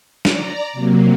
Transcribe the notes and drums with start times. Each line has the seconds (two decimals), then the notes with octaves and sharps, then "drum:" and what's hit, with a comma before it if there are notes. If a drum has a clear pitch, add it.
0.25 D5 A#5, drum: snare
0.73 C3 F#3 A#3